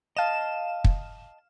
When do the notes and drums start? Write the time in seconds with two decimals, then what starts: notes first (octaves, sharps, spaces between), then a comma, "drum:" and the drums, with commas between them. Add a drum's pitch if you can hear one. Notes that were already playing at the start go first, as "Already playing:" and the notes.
0.17 D#5 F5 A5 E7
0.84 drum: kick